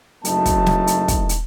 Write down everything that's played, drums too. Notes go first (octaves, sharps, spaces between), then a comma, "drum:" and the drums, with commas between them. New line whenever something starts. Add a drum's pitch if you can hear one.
F#1 F#3 A3 D#4 A5, drum: hi-hat
drum: kick, hi-hat
drum: snare
drum: hi-hat
drum: kick, hi-hat
drum: hi-hat